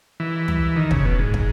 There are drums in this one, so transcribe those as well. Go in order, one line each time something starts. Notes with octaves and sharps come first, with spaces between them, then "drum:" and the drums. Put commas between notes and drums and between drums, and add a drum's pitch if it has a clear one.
E3
drum: tom
D#3
C#3, drum: kick
B2
G#2
drum: kick